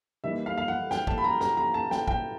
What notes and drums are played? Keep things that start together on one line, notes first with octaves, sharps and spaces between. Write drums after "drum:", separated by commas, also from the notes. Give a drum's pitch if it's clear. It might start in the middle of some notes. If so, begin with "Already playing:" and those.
E3 G3 A#3 D#4 E5
F5
F5
F#5
G5, drum: snare
A5, drum: kick
B5
A#5
A#5, drum: snare
A#5
A5
G5, drum: snare
G5, drum: kick